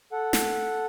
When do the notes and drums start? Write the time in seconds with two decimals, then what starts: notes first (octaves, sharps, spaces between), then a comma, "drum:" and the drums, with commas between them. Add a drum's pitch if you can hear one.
0.12 A4 F#5
0.33 drum: snare